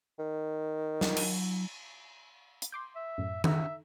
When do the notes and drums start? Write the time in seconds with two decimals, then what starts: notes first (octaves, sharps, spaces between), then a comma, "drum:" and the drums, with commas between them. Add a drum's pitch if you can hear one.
0.19 D#3
1.01 F#3 D#4 F4, drum: snare
1.17 drum: cymbal
2.62 drum: hi-hat
2.72 C6 D6 G6
2.96 E5
3.18 F#2 A2
3.44 D#4 A4 E5 A#5, drum: tom D#3